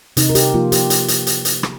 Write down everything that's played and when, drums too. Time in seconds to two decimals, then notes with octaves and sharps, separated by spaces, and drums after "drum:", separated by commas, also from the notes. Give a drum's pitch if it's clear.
0.17 C3 D#4, drum: hi-hat
0.30 A#4
0.35 G4, drum: hi-hat
0.54 F3 A#3 F4
0.72 G4, drum: hi-hat
0.90 drum: hi-hat
1.08 drum: hi-hat
1.27 drum: hi-hat
1.45 drum: hi-hat
1.63 drum: rim click